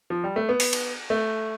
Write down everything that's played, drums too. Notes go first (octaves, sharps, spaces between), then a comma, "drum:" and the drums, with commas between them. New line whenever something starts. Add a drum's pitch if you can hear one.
F3
G3
A3
B3
drum: open hi-hat
drum: cymbal
A3